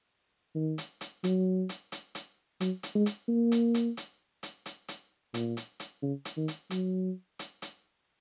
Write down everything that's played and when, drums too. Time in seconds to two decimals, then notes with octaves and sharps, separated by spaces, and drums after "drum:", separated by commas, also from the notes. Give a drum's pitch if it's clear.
0.55 D#3
0.78 drum: hi-hat
1.01 drum: hi-hat
1.24 F#3, drum: hi-hat
1.69 drum: hi-hat
1.92 drum: hi-hat
2.15 drum: hi-hat
2.60 F#3, drum: hi-hat
2.83 drum: hi-hat
2.95 G#3
3.06 drum: hi-hat
3.28 A#3
3.52 drum: hi-hat
3.74 drum: hi-hat
3.97 drum: hi-hat
4.43 drum: hi-hat
4.66 drum: hi-hat
4.88 drum: hi-hat
5.34 A#2, drum: hi-hat
5.57 drum: hi-hat
5.80 drum: hi-hat
6.02 C#3
6.25 drum: hi-hat
6.37 D#3
6.48 drum: hi-hat
6.70 F#3, drum: hi-hat
7.39 drum: hi-hat
7.62 drum: hi-hat